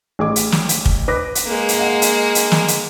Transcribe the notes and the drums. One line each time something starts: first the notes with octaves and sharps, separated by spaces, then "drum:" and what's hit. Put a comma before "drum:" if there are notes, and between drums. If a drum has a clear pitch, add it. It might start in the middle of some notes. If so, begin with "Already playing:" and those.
A1 G#4 D6
drum: hi-hat
drum: snare
drum: hi-hat
drum: kick
B4 D6 A#6
drum: hi-hat
G#3 A#3
drum: hi-hat
F5 F#5
drum: hi-hat
drum: hi-hat
drum: snare
drum: hi-hat